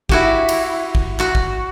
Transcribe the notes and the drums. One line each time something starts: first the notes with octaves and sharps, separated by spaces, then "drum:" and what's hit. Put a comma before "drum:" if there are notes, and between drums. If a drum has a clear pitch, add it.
E4 F#4 G4, drum: kick
drum: cymbal
drum: kick
F#4, drum: clap
drum: kick